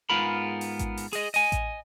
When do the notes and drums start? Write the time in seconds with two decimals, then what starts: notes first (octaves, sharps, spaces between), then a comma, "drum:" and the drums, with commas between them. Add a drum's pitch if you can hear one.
0.10 G#2 B3 F4 G#4 A#4 B5
0.61 drum: open hi-hat
0.79 drum: kick A1, hi-hat
0.97 drum: open hi-hat
1.13 G#4 D#5, drum: open hi-hat
1.34 D#5 G#5, drum: open hi-hat
1.52 drum: kick A1, hi-hat